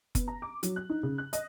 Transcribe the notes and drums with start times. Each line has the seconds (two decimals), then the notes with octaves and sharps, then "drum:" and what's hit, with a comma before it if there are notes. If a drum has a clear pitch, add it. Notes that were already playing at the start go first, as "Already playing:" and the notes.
0.15 B3, drum: kick F#1, hi-hat
0.28 A#5
0.42 D6
0.63 F#3, drum: hi-hat
0.76 F#6
0.90 D#4
1.03 C#3
1.18 F#6
1.33 D#5, drum: hi-hat